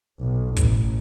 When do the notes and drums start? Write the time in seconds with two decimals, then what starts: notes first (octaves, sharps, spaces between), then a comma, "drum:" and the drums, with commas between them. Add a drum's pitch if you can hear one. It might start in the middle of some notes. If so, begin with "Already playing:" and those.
0.21 B1
0.56 A1, drum: kick, hi-hat